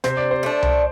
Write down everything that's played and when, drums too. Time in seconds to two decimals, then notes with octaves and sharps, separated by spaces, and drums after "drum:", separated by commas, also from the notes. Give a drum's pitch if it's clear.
0.04 C3 C5, drum: snare
0.17 D5
0.31 C5
0.43 A3 D4
0.63 drum: tom C2